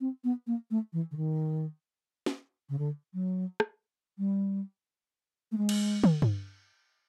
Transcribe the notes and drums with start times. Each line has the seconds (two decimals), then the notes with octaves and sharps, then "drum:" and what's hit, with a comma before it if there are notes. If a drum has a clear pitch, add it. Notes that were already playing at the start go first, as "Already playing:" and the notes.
0.01 C4
0.24 B3
0.47 A#3
0.71 A3
0.93 E3
1.11 D3
1.17 D#3
2.26 drum: snare
2.69 C#3
2.79 D3
3.14 F#3
3.60 drum: rim click
4.18 G3
5.52 A3
5.58 G#3
5.69 drum: cymbal
6.04 drum: tom
6.22 drum: tom G2